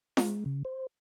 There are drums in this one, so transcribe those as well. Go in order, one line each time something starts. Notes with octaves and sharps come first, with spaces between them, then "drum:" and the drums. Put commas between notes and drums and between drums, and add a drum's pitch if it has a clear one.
G#3, drum: snare
C#3
C5